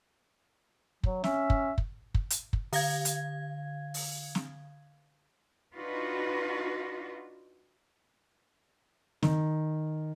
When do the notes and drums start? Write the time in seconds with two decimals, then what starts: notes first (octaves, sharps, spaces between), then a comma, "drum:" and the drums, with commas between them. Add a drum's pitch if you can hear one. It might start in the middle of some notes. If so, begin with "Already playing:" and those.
1.03 F#3, drum: kick
1.24 C#4 E5, drum: snare
1.50 drum: kick
1.78 drum: kick
2.14 drum: kick
2.30 drum: hi-hat
2.53 drum: kick
2.73 D3 F5 G#6, drum: open hi-hat
3.05 drum: hi-hat
3.94 drum: open hi-hat
4.35 drum: snare
5.75 D4 D#4 F4 F#4 B4
9.22 D#3, drum: snare